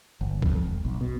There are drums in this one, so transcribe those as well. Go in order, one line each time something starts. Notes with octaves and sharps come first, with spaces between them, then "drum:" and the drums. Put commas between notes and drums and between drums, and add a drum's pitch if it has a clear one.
G1
F2, drum: kick
E1
B1
B2